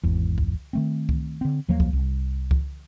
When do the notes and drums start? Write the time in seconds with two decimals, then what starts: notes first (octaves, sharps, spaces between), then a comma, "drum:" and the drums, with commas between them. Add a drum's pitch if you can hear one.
0.03 G#1 E2
0.38 drum: kick C#2
0.73 D#3 A3 C4
1.09 drum: kick C#2
1.41 D3 C4
1.68 D#2 F3 F#3 A#3
1.80 drum: kick C#2
1.93 C2
2.51 drum: kick C#2